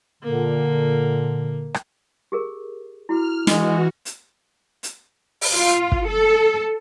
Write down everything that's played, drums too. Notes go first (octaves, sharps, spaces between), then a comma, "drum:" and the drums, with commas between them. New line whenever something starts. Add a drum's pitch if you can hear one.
A#2 D3 A#3
drum: rim click
G4 G#4 A#4
E4 F#4 D6 F6
E3 G#3 D4 F#4 D#5, drum: snare
drum: hi-hat
drum: hi-hat
drum: open hi-hat
F4
drum: kick
A4